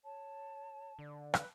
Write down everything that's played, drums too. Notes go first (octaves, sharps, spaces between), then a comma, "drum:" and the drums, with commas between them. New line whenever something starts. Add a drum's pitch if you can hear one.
C#5 A5
D3 D5
B4, drum: rim click